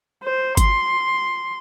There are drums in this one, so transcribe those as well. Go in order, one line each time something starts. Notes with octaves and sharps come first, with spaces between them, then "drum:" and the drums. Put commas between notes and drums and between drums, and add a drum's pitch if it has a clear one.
C5
C6, drum: kick G1, hi-hat